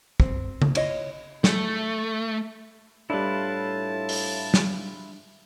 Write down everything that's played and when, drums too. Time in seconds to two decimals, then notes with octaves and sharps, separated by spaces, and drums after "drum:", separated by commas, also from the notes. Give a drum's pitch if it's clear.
0.20 C4, drum: kick
0.62 drum: tom C#3
0.75 E4 F4 C#5 D#5, drum: cymbal
1.44 A3, drum: snare
3.10 A2 G3 D4 E4 F4 B4 A5
4.09 drum: open hi-hat
4.54 drum: snare